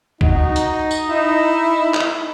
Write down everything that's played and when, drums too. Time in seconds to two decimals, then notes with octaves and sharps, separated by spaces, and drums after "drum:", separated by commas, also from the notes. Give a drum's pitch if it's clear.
0.21 D#4 F#4, drum: kick
0.56 drum: hi-hat
0.91 drum: tambourine
1.08 E4
1.94 drum: clap